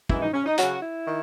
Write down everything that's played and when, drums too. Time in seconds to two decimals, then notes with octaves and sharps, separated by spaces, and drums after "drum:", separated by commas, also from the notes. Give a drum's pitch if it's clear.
0.09 F#2 E3 G#3 E4, drum: kick
0.22 D#4
0.34 C#4
0.46 D#4
0.58 C#3 F#3 C#4 F#4, drum: hi-hat
0.82 E4
1.08 D#3